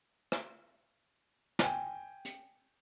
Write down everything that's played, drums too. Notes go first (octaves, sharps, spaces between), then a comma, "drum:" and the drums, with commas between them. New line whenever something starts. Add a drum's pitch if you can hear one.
drum: rim click
G5 G#5, drum: snare
drum: hi-hat